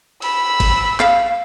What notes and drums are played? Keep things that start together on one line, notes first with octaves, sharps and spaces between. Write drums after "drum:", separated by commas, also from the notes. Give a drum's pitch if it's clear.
B5 E6, drum: cymbal
drum: kick, cymbal
F5, drum: clap